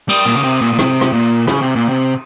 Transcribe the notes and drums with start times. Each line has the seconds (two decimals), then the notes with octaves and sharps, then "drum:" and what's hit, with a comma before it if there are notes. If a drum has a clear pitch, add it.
0.09 G3, drum: cymbal
0.26 A#2
0.36 C#3
0.44 C3
0.61 A#2
0.73 A#2
0.79 C3, drum: rim click
1.01 drum: rim click
1.13 A#2
1.47 C#3, drum: rim click
1.62 C3
1.76 A#2
1.89 C3